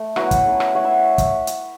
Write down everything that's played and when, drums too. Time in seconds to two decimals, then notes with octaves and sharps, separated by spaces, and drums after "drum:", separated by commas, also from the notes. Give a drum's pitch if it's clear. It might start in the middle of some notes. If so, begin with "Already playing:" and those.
Already playing: A3
0.16 F#3 B3 E4 F#4 B4, drum: rim click
0.31 drum: kick, hi-hat
0.45 A3 C#4 E4
0.60 drum: rim click
0.74 A3 E4 C#5 F#5
0.84 B4 E5
1.18 drum: kick, hi-hat
1.47 drum: hi-hat